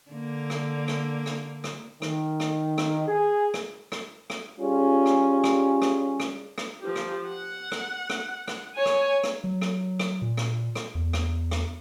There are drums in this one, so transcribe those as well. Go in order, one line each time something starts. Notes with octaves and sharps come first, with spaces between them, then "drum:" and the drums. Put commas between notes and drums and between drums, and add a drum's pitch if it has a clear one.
D3 A#3
drum: rim click
drum: rim click
drum: rim click
drum: rim click
D#3, drum: rim click
drum: rim click
drum: rim click
G#4
drum: rim click
drum: rim click
drum: rim click
G3 C#4 F4 G4 G#4
drum: rim click
drum: rim click
drum: rim click
drum: rim click
drum: rim click
F3 G4
drum: rim click
F#5
drum: rim click
drum: rim click
drum: rim click
C#5 G#5
drum: rim click
drum: rim click
F#3
drum: rim click
drum: rim click
A#2
drum: rim click
drum: rim click
E2
drum: rim click
drum: rim click